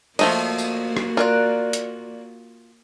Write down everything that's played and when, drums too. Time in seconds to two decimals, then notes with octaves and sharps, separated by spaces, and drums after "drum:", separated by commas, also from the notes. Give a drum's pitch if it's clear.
0.19 F3 A3 A#3 F#4 D#5, drum: cymbal
0.58 drum: tambourine
0.97 drum: rim click
1.17 F4 A#4 D5 F#6
1.73 drum: hi-hat